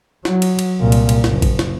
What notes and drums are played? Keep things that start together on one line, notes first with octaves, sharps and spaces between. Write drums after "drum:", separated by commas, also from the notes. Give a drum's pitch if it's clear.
F#3, drum: snare
drum: cymbal
drum: cymbal
C2 A#2
drum: cymbal
drum: cymbal
F#1, drum: snare
drum: kick G#1, cymbal
drum: snare